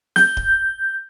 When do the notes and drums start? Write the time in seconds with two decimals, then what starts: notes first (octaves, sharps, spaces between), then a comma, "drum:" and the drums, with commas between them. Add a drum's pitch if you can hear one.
0.16 G6, drum: snare
0.37 drum: kick D1